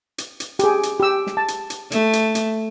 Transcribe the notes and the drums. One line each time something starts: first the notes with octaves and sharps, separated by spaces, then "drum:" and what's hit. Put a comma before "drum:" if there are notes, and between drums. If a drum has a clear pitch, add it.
drum: hi-hat
drum: hi-hat
G4 G#4, drum: hi-hat
drum: hi-hat
G4 E6
drum: snare
A5
drum: hi-hat
drum: hi-hat
A3, drum: hi-hat
drum: hi-hat
drum: hi-hat